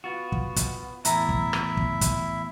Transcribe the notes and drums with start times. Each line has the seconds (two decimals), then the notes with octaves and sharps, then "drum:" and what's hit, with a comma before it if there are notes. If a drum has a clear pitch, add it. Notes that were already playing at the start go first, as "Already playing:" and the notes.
0.04 B3 F4 F#4
0.32 drum: kick
0.56 drum: kick, hi-hat
1.05 E2 A2 E4 E5 A#5, drum: hi-hat
1.29 drum: kick
1.53 drum: rim click
1.77 drum: kick
2.01 drum: kick, hi-hat